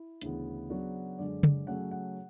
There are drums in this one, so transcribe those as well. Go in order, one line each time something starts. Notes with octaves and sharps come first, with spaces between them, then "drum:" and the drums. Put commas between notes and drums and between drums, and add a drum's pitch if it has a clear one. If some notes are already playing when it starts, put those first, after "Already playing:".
Already playing: E4
D2 C#3 E3 B3, drum: hi-hat
C#3 F#3 B3 D4 F#4
F#2 D3 G#3 D5
drum: tom C#3
C#3 F#3 A3 C#4 F#5
F#5